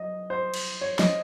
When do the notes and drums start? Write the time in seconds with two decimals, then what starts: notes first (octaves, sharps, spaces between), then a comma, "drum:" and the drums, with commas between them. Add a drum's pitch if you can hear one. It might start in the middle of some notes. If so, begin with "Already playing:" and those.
Already playing: F#3 D#5
0.30 C5
0.54 drum: cymbal
0.81 C#5
0.99 D#5, drum: snare